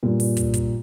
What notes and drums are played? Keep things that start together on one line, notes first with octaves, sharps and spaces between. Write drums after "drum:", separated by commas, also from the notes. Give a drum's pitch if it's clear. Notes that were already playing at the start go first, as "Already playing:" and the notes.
G2 A#2
drum: open hi-hat
drum: kick, hi-hat
drum: kick, hi-hat